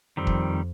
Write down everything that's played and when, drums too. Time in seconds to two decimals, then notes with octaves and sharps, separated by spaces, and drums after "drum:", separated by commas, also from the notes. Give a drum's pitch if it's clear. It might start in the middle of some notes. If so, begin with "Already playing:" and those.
0.17 F2 D#3 G3 C4
0.27 drum: kick